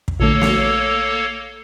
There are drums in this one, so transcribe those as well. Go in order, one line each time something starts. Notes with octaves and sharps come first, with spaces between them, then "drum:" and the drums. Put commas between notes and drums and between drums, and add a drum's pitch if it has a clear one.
drum: kick
A#1 D3 A3 A#3 A4 C#5
drum: snare